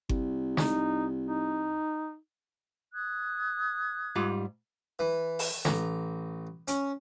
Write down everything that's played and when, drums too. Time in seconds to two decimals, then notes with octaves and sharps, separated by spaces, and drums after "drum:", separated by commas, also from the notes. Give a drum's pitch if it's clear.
0.09 C2, drum: kick G1
0.57 D#4, drum: snare
1.26 D#4
2.94 D#6 F#6 G#6
4.16 G#2 G3 F4
4.99 E3
5.39 drum: open hi-hat
5.65 A1 A#5, drum: snare
6.68 C#4, drum: hi-hat